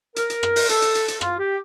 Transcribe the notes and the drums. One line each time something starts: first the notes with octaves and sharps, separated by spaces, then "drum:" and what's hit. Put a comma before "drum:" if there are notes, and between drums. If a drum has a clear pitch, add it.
A#4, drum: hi-hat
drum: hi-hat
drum: rim click
drum: open hi-hat
A4, drum: hi-hat
drum: hi-hat
drum: hi-hat
drum: hi-hat
F4, drum: rim click
G4